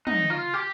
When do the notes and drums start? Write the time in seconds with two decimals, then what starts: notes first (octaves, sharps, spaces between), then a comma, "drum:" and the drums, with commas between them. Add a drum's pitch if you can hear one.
0.07 D#4, drum: tom
0.30 F4
0.54 G4